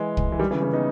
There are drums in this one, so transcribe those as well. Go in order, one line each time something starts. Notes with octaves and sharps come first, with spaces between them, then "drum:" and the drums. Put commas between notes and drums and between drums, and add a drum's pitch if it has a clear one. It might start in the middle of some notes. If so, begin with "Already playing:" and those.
Already playing: E3 G#3
drum: kick
E3
D#3 G3
C#3 E3
C#3 E3
B3 D#4